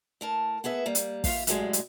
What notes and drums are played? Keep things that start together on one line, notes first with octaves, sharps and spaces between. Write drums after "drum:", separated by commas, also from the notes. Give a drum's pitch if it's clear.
A2 A#4 A5
B3 G#4 B4 E5
G3 A#3
drum: hi-hat
D#2 F4 E5 F5, drum: kick, open hi-hat
F#2 A2 C#3 F3 G3 G#3, drum: hi-hat
drum: hi-hat